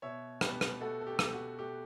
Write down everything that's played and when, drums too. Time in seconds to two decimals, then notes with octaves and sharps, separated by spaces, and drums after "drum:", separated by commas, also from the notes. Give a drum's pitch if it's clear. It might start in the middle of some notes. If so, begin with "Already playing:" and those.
0.02 B2 C#5 E5
0.41 B2 G4 B4, drum: rim click
0.61 drum: rim click
0.81 A3 F#4 A4
1.01 A4
1.07 G4
1.19 B2, drum: rim click
1.33 F#4
1.59 A3 G4